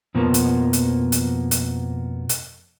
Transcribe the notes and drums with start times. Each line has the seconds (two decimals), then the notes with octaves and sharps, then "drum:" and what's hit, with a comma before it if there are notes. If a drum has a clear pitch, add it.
0.15 F2 B2 F3 A#3 B3
0.34 drum: hi-hat
0.73 drum: hi-hat
1.12 drum: hi-hat
1.51 drum: hi-hat
2.29 drum: hi-hat